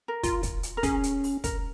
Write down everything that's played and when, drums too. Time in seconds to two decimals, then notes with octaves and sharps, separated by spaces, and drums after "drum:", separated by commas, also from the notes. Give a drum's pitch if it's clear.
0.08 A#4
0.23 F4, drum: kick, hi-hat
0.43 drum: kick, hi-hat
0.63 drum: hi-hat
0.77 A#4
0.83 C#4 G#4, drum: kick, hi-hat
1.03 drum: hi-hat
1.24 drum: open hi-hat
1.44 A#4, drum: kick, hi-hat